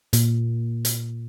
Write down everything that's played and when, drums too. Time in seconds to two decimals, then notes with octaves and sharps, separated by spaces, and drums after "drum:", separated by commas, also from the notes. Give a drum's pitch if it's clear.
0.13 A#2, drum: hi-hat
0.85 drum: hi-hat